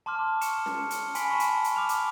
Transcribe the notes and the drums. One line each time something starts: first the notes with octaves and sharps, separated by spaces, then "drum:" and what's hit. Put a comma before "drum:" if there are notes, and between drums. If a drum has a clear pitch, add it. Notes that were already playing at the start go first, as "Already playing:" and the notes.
A5 C6 D6 F6
C#6 C#7 E7, drum: hi-hat
drum: snare C#4
drum: hi-hat
G#5 B5 C6 B6 D7, drum: hi-hat
A5 B5 C#6
drum: hi-hat
drum: hi-hat
A5 D6 F6 F7
drum: hi-hat